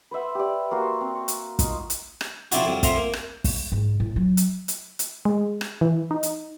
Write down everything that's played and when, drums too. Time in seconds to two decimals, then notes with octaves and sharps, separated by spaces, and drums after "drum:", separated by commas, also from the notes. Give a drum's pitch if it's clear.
0.11 B4 C5 E5 F#5
0.35 G4 D5
0.71 A#3 F#4 C5
1.01 C4
1.15 C#6
1.28 drum: hi-hat
1.59 D#4 F4, drum: kick, hi-hat
1.90 drum: hi-hat
2.21 drum: rim click
2.52 C#3 F3 C4 D4 E4 F#4, drum: hi-hat
2.66 F2 F#3 G3
2.83 F2 F3 E5 A#5 C6, drum: kick, hi-hat
2.96 A#3
3.13 drum: rim click
3.44 drum: kick, open hi-hat
3.72 G#2
4.00 A2
4.16 F#3
4.37 drum: hi-hat
4.68 drum: hi-hat
4.99 drum: hi-hat
5.25 G#3
5.61 drum: rim click
5.81 E3
6.11 D#4
6.23 drum: hi-hat